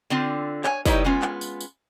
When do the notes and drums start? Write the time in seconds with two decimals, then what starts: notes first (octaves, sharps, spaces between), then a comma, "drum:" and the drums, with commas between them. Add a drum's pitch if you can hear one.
0.10 D3 C4 F4
0.64 C#5 G#5, drum: clap
0.85 G3 D#4 E4 B4 C#5 D#5, drum: kick, tambourine
1.04 G#3 B3 C#4 F4
1.22 drum: clap
1.41 drum: tambourine
1.61 drum: tambourine